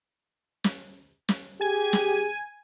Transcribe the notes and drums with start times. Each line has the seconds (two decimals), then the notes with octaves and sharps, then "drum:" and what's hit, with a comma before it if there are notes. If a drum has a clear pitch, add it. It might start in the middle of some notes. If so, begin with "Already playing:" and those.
0.64 drum: snare
1.29 drum: snare
1.61 G4 G#4 G#5
1.93 drum: snare